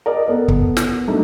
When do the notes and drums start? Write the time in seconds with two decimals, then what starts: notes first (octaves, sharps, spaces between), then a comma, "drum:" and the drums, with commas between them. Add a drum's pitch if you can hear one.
0.06 A#4 D5 D#5
0.28 B3 A4 A#4
0.48 drum: kick
0.77 drum: snare
1.07 F#3 A3 D4 D#4